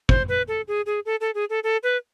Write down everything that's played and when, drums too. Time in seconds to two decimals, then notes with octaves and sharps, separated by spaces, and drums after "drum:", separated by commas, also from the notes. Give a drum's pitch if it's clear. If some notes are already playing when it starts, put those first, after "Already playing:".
0.09 C5, drum: kick
0.29 B4
0.48 A4
0.68 G#4
0.86 G#4
1.06 A4
1.21 A4
1.35 G#4
1.50 A4
1.64 A4
1.83 B4